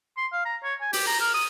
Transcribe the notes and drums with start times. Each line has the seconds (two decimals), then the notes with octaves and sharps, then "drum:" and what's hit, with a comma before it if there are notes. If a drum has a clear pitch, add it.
0.17 C6
0.32 F5
0.45 A#5
0.63 C#5
0.81 G#5
0.93 G4, drum: open hi-hat
1.07 A#5
1.20 A#4
1.34 D#6